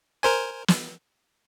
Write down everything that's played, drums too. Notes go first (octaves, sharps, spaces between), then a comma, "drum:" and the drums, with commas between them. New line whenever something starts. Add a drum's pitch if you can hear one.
A#4 C5 G#5
drum: snare